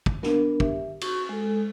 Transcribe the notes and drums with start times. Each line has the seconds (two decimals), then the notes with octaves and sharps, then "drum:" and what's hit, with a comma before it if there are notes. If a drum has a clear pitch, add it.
0.06 drum: kick
0.23 B3 D4 A#4, drum: snare
0.60 G4 E5, drum: kick
1.01 F#4 C#6, drum: cymbal
1.29 G#3 A4